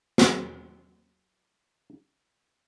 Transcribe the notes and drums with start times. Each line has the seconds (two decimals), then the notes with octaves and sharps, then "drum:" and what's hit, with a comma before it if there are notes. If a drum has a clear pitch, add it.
0.18 F#3 F#4 G#4 A#4 C5, drum: snare